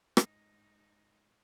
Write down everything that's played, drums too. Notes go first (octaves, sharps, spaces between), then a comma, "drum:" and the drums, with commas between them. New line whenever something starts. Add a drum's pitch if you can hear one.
G#2 D#4, drum: rim click